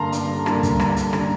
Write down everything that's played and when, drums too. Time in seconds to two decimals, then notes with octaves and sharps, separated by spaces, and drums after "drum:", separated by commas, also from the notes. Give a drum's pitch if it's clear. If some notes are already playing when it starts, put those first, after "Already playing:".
Already playing: G2 D3 G3 A#3 A5 A#5 C6
0.12 G2, drum: hi-hat
0.46 D3 G3 A#3, drum: rim click
0.63 drum: kick, hi-hat
0.80 G2 A#5, drum: rim click
0.96 drum: hi-hat
1.13 D3 G3 A#3, drum: rim click